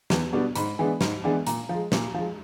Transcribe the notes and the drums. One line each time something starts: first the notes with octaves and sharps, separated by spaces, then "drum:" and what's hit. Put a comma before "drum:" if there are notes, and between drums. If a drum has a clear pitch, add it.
E2, drum: snare
B2 G3 B3 D4
G#2 B5, drum: hi-hat
E3 G#3 B3 D4
G#2, drum: snare
E3 G#3 B3 D4
A#2 A#5, drum: hi-hat
F3
G#3
A#2, drum: snare
F3 G#3